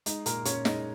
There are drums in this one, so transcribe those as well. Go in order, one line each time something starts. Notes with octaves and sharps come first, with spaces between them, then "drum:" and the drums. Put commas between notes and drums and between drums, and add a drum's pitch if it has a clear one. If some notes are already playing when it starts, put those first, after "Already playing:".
G#3 D#4, drum: hi-hat
A#2 A#3 A#4, drum: hi-hat
A#2 C#4 C#5, drum: hi-hat
G#3 D#4 D#5, drum: snare